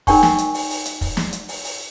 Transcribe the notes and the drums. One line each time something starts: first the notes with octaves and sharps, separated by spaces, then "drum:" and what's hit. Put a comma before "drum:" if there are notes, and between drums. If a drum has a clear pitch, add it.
D#4 A#4 G5 G#5 C#6, drum: kick, open hi-hat
drum: snare
drum: hi-hat
drum: open hi-hat
drum: open hi-hat
drum: hi-hat
drum: kick, open hi-hat
drum: snare
drum: hi-hat
drum: open hi-hat
drum: open hi-hat